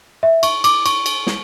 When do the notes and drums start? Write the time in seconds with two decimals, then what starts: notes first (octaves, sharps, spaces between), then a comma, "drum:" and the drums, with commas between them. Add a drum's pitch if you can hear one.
0.23 E5
0.43 C#6, drum: cymbal
0.64 D6, drum: cymbal
0.86 C#6, drum: cymbal
1.06 drum: cymbal
1.27 drum: snare